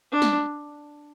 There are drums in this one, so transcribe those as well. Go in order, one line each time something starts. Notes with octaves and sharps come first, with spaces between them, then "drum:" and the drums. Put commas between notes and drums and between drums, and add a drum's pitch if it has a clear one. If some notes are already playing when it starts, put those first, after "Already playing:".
D4
drum: snare